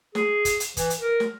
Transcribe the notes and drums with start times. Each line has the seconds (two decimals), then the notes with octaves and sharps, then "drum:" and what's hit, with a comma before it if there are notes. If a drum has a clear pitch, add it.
0.15 G#4, drum: snare
0.45 drum: kick, hi-hat
0.60 drum: hi-hat
0.77 E3, drum: kick, hi-hat
0.90 drum: hi-hat
1.00 A#4
1.20 drum: snare